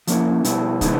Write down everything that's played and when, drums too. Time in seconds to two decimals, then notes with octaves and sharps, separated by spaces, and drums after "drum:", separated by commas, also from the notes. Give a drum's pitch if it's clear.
0.07 F3 A#3 C#4 E4, drum: hi-hat
0.44 B2 G3 B3 E4, drum: hi-hat
0.81 C3 E3 G#3 B3 D#4, drum: kick, hi-hat